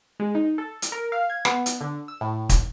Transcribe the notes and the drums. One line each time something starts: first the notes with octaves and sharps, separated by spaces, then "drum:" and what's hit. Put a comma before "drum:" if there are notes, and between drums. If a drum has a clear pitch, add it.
G#3
D#4
A4
drum: hi-hat
A#4
F5
G#6
B3, drum: rim click
drum: hi-hat
D3
E6
A2
drum: kick, hi-hat